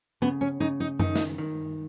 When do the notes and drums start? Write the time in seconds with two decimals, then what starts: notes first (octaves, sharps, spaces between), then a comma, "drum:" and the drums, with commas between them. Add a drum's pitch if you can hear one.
0.22 C#3 B3
0.41 C#4
0.60 C#3 D#4
0.80 D#4
0.99 D#3 D#4, drum: tom F#2
1.15 drum: snare
1.38 D#3